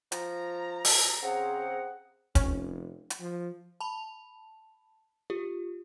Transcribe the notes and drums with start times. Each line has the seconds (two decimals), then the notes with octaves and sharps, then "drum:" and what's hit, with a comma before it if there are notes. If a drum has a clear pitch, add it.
0.12 F3 A#5, drum: hi-hat
0.85 drum: open hi-hat
1.22 C#3 C4 G#4 C5 F#5
2.35 F1 C#4, drum: kick, hi-hat
3.10 drum: hi-hat
3.20 F3
3.80 A5 B5 F7
5.30 F4 G4